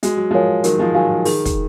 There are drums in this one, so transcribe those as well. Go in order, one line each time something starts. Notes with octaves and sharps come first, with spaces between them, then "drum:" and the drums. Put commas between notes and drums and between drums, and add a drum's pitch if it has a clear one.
G#3 F#4, drum: hi-hat
F#3
F3 G#3 A#4 C#5 F5 G#5
D#3 F#3 A#4, drum: hi-hat
F3 G#3
D#3 F#3 F5 G#5
F3
D#3 G#4, drum: open hi-hat
drum: kick, hi-hat